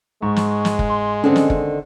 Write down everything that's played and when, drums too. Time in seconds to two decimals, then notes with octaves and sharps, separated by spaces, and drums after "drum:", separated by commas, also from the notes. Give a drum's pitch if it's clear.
0.22 G#2 G#3 C#6
0.36 drum: snare
0.65 drum: snare
0.79 drum: kick
0.89 C6
1.24 D3 D#3 C4 C#4
1.36 drum: snare
1.50 drum: kick